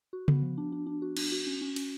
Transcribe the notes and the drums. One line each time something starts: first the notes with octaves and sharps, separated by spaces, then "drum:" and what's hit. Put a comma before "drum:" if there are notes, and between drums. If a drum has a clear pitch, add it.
F#4
B3, drum: tom C#3
F3
D4
D4
D4
F#4
D4, drum: cymbal
F#4
C#4
C#4
C#4, drum: cymbal